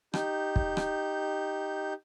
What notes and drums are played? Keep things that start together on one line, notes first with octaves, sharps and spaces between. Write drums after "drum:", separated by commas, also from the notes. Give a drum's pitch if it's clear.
D#4 G4 G6, drum: rim click
drum: kick
drum: rim click